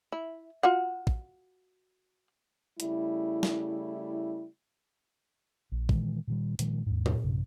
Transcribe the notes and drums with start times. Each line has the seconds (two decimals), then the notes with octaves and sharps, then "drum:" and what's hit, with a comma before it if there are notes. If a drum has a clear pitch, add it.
0.12 E4
0.63 F4 F#4 F#5
1.07 drum: kick
2.80 C#3 G3 A3 E4, drum: hi-hat
3.43 drum: snare
5.72 A#1
5.89 A#2 D#3 E3 G#3, drum: kick
6.27 A#2 D#3 G3
6.59 A#2 D#3 F3 G#3, drum: hi-hat
6.86 D#2 G#2
7.06 drum: tom A#2
7.24 A1 F#2 C3